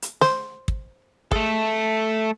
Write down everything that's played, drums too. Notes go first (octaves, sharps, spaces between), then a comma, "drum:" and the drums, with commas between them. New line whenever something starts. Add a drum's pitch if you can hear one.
drum: hi-hat
C5, drum: snare
drum: kick
G#3 A3 A4, drum: kick